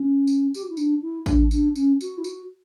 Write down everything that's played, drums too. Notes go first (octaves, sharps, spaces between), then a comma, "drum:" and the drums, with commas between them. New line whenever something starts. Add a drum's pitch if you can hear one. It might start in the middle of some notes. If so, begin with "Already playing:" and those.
Already playing: C#4
drum: tambourine
G4, drum: tambourine
F#4
E4
D4, drum: tambourine
E4
D4, drum: kick A1, tambourine
D4, drum: tambourine
C#4, drum: tambourine
F#4, drum: tambourine
E4
F#4, drum: tambourine